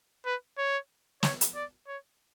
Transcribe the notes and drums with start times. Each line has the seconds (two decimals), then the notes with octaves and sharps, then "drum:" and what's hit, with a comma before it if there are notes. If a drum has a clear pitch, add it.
0.25 B4
0.58 C#5
1.23 C#5, drum: snare
1.41 drum: hi-hat
1.55 D5
1.87 C#5